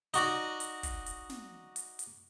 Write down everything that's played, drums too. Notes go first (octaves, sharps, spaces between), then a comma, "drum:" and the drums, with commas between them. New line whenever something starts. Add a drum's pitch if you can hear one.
D#4 F#4 D5, drum: hi-hat
drum: hi-hat
drum: kick, hi-hat
drum: hi-hat
drum: snare
drum: hi-hat
drum: hi-hat